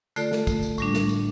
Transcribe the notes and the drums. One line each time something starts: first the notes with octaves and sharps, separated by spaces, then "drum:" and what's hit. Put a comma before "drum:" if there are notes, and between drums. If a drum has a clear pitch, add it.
D3 A3 F4 A4 D5, drum: tambourine
drum: snare
drum: kick, tambourine
drum: tambourine
A2 G3 D4, drum: tambourine
drum: snare
drum: tambourine